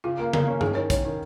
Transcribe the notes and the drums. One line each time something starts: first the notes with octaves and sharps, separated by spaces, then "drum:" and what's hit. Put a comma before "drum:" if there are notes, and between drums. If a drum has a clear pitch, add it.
C#3 F4
A#3
A#3, drum: tom C#3
C#4
D#3 G#4, drum: tom
D#3 C#5
D#3 C#5, drum: kick, hi-hat
D#3